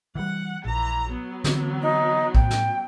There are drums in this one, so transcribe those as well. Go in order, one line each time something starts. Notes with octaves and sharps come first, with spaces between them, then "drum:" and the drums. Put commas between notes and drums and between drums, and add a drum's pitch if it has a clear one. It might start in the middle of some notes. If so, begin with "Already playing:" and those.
E3 G3 F#5
A#1 E3 A#5
F#3 B3
D3 E3 C4, drum: snare
D#4
A2 G5, drum: kick
drum: snare